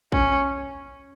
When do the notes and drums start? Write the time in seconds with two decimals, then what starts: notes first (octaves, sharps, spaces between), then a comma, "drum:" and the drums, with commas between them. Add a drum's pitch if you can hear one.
0.12 C#4, drum: kick